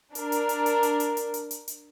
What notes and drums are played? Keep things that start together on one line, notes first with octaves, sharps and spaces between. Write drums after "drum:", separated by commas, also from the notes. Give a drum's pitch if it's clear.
D4 A#4, drum: hi-hat
drum: hi-hat
drum: hi-hat
drum: hi-hat
drum: hi-hat
drum: hi-hat
drum: hi-hat
drum: hi-hat
drum: hi-hat
drum: hi-hat